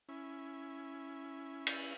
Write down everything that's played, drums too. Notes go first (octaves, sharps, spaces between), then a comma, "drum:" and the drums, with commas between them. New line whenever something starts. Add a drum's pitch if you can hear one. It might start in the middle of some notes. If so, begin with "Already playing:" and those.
C#4 E4
drum: cymbal